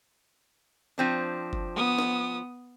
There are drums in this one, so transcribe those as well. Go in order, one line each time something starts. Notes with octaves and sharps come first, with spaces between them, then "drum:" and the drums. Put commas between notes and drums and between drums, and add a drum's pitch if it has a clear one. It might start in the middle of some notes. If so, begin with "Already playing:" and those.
F3 C4 D4
drum: kick F#1
B3 D#6
drum: snare